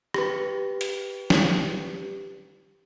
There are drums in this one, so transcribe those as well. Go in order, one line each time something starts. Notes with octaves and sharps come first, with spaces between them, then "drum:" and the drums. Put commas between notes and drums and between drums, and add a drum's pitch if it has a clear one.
G4 B4, drum: rim click
drum: hi-hat
drum: snare